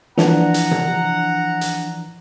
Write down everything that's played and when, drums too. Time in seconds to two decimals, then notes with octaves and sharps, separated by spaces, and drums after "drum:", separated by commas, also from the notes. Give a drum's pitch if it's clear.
0.18 E3 F3 D4 F#5 A#5, drum: snare
0.54 drum: hi-hat
0.71 drum: tom C3
1.61 drum: hi-hat